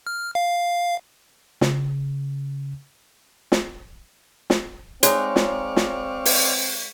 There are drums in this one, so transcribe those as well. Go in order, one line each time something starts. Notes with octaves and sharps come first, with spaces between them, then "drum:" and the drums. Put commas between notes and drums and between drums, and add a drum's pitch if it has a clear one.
F6
F5
C#3, drum: snare
drum: snare
drum: snare
G#3 C4 D#4 C#5 D5 F5 C#6, drum: hi-hat
drum: snare
drum: snare
drum: open hi-hat